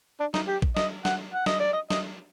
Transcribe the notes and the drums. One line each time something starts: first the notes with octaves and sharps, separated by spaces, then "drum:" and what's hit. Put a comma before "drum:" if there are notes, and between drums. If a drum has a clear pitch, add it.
D4
D#4, drum: snare
G4
drum: kick A#1
D#5, drum: snare
F#5, drum: snare
F#5
D#5, drum: snare
D5
D#5
D#5, drum: snare